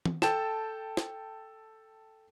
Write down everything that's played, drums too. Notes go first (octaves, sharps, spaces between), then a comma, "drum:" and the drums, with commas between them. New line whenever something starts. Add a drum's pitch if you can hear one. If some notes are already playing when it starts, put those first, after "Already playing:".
drum: tom E3
A4 G5 A5 E7, drum: snare
drum: snare